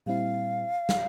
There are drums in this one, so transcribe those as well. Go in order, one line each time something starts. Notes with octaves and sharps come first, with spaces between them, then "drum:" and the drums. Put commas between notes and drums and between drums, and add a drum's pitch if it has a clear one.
A#2 G3 C4 E4 F5
drum: snare